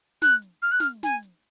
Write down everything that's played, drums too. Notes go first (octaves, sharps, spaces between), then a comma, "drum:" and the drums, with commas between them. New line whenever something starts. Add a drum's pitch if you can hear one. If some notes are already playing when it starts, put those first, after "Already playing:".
F#6, drum: snare
drum: hi-hat
F6
F#6
F6, drum: snare
G#5, drum: snare
drum: hi-hat